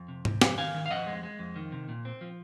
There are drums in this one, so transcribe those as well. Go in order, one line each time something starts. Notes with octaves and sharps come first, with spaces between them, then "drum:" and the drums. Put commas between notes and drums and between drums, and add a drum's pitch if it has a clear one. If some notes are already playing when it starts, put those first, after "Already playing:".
Already playing: F2
C3
C3, drum: tom G#2
F2, drum: snare
D#3 F5 G#5
D#3
F5
F2 D#5 F#5
G#3
G#3
F2
D#3
C3
A#2
C4
F3